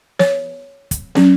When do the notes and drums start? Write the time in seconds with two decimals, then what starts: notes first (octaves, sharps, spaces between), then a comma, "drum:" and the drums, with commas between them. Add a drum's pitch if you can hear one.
0.19 C#5, drum: snare
0.91 drum: kick, hi-hat
1.15 F#3 C#4, drum: snare